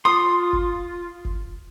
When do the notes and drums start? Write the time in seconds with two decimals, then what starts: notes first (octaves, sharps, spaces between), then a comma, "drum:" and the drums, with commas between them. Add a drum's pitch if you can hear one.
0.05 F4 C6 D#6
0.53 drum: kick
1.25 drum: kick